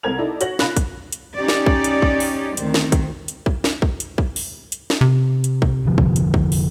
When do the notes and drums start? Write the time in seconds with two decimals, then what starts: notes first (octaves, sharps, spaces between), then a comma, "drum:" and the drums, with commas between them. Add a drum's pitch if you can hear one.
0.03 C2 A4 A#4 G#6 F7
0.18 D#4 E4 A4 D5
0.41 F#4 C#5 A#6 F#7, drum: hi-hat
0.59 F4 B5 F#6 A#6, drum: snare
0.77 drum: kick, hi-hat
1.12 drum: hi-hat
1.37 C#4 D#4 G4 D5
1.48 drum: snare
1.66 drum: kick
1.84 drum: hi-hat
2.02 drum: kick
2.20 drum: open hi-hat
2.57 D2 D#3 C4, drum: hi-hat
2.74 drum: snare
2.92 drum: kick, hi-hat
3.28 drum: hi-hat
3.46 drum: kick
3.64 drum: snare
3.82 drum: kick
4.00 drum: hi-hat
4.18 drum: kick
4.36 drum: open hi-hat
4.72 drum: hi-hat
4.90 drum: snare
5.01 C3
5.44 drum: hi-hat
5.62 drum: kick
5.85 F1 D3 F3
5.98 drum: kick
6.16 drum: hi-hat
6.34 drum: kick
6.52 drum: open hi-hat